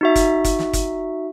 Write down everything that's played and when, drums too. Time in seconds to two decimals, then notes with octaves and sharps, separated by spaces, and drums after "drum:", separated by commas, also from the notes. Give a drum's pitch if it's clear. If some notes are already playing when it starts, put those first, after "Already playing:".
0.01 D#4 F#4 E5
0.15 drum: kick, hi-hat
0.44 drum: kick, hi-hat
0.59 drum: snare
0.73 drum: kick, hi-hat